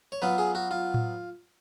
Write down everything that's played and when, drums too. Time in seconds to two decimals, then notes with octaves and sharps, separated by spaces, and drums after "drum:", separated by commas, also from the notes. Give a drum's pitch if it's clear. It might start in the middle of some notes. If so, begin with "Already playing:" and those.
0.12 C#5
0.22 F#3 B3 F4 B4
0.38 G#4
0.55 F#4
0.71 F4
0.94 drum: tom A2